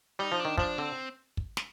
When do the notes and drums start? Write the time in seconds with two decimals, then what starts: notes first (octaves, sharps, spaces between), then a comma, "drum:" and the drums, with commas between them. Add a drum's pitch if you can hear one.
0.19 G3 D#4
0.32 F3
0.39 D4
0.45 D#3
0.58 F3 D4, drum: kick
0.78 D3 C4
1.37 drum: kick
1.57 drum: snare